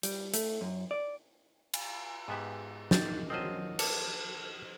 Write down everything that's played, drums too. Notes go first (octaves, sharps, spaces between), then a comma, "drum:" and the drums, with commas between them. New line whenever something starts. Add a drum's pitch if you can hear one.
G3, drum: hi-hat
A3, drum: hi-hat
F#2
D5
drum: cymbal
G#2 B3 G4 G#4 E5
D#3 A#3 D#4 G6 A6, drum: snare
D#3 F3 F#3 C4 C5 D#6 F6 D#7
A4 A#4 C#5 F#5 A5 D6, drum: cymbal